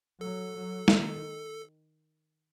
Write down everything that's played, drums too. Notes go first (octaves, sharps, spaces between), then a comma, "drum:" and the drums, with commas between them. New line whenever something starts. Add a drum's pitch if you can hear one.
F#3 A4
F#3
D#3, drum: snare